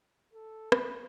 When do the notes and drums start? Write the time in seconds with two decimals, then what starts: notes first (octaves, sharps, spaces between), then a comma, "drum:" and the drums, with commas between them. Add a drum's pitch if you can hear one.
0.34 A4
0.72 B4, drum: rim click